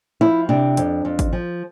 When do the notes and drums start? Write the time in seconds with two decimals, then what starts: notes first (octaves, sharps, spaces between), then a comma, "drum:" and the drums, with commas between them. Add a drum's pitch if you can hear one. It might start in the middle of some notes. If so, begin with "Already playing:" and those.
0.21 F3 E4
0.49 C3 D4
0.77 F2, drum: hi-hat
1.05 F2
1.19 drum: kick G#1, hi-hat
1.33 F3